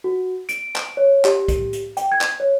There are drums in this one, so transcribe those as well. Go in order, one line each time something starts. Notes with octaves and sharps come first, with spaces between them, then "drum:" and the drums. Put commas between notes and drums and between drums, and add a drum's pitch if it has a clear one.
F#4
D7, drum: hi-hat
drum: clap
C#5
G4, drum: clap
drum: kick, hi-hat
drum: hi-hat
G5, drum: hi-hat
G#6
drum: clap
C#5